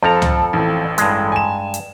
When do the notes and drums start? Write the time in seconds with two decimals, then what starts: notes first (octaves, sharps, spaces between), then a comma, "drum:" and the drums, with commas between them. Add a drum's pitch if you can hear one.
0.03 F2 F3 C4 A4 A#5
0.22 drum: tom
0.53 A1 A2
0.98 G2 G#3, drum: hi-hat
1.32 G#5 E7
1.74 drum: hi-hat